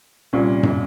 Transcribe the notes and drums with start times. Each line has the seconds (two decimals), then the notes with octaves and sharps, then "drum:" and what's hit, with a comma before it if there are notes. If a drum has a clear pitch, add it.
0.33 C2 A#2 G3 C#4
0.63 drum: tom F#2